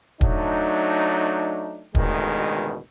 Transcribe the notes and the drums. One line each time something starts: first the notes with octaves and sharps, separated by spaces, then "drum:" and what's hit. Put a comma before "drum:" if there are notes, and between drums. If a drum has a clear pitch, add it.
F#3 A3 D4 D#4, drum: kick
A1 D2 B2 D#3 G#3, drum: kick